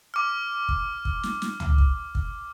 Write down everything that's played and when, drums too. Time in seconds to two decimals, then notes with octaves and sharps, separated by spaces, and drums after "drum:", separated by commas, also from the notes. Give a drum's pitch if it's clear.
0.14 D6 F6
0.69 drum: kick
1.05 drum: kick
1.23 drum: snare
1.42 drum: snare
1.60 drum: tom C#2
1.78 drum: kick
2.15 drum: kick